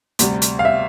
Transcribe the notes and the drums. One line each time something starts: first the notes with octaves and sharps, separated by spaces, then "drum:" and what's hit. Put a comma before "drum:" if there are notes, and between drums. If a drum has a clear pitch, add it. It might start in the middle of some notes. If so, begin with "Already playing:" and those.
D2 C3 G3, drum: hi-hat
drum: hi-hat
F5
E5